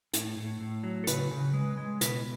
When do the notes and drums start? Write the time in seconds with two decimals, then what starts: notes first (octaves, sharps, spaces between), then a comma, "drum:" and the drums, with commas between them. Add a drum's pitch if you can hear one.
0.14 A2, drum: hi-hat
0.38 A2
0.61 A2
0.84 F#3
1.04 A4
1.07 C#3 B4, drum: hi-hat
1.31 C#3
1.54 G#3
1.77 G#3
2.01 B2 B4, drum: hi-hat